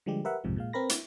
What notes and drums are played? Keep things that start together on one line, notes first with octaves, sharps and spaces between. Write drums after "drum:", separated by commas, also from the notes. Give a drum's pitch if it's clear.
D3 F3 G3 G#3 G4
G4 A#4 B4 E5 F#5
B1 F2 G#2 C3 F3 G#3
A#2 G#3 F5
C4 A#4 B4 B5 A#6
E4, drum: hi-hat